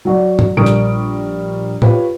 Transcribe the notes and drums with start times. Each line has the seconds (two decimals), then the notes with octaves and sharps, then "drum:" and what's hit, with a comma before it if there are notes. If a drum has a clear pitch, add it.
0.05 F#3 F#4 D5
0.39 drum: tom
0.57 A#1 G3 A#4 C#6 D#6 D7
0.66 drum: hi-hat
1.82 F4 G4 B4 C#5, drum: tom